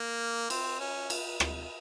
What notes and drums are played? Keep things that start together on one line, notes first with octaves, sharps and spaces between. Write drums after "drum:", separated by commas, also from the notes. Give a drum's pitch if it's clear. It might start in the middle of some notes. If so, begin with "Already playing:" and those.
Already playing: A#3
C4, drum: cymbal
C#4
drum: cymbal
drum: rim click